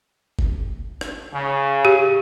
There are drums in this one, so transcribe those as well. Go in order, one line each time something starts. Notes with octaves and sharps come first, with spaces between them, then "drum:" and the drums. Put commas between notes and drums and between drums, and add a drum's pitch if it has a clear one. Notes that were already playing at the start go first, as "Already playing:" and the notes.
drum: kick G1
drum: rim click
C#3
G4